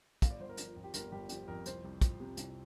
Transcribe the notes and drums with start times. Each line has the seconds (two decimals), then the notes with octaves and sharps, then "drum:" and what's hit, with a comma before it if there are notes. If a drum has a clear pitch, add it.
0.22 G1 F5, drum: kick, hi-hat
0.30 D5
0.40 G1 C5
0.49 A#4
0.57 F3, drum: hi-hat
0.76 F2
0.84 G4
0.94 G1 A#4, drum: hi-hat
1.12 G1 G4
1.29 F3 G4, drum: hi-hat
1.48 F2 A#4
1.66 C2 C5, drum: hi-hat
1.84 C2
2.01 F3, drum: kick, hi-hat
2.20 C3
2.37 C2, drum: hi-hat